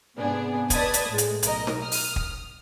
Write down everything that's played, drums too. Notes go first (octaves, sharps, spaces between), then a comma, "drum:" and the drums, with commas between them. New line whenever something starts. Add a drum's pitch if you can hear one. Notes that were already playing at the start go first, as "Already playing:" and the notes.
G#2 C3 B3 D4 G#4
B4 D5 D#5 A5 D#6 G#6, drum: kick, hi-hat
drum: hi-hat
A2 G#3
drum: hi-hat
B1 A#4 D#5, drum: hi-hat
drum: snare
D#6 F6
drum: open hi-hat
drum: kick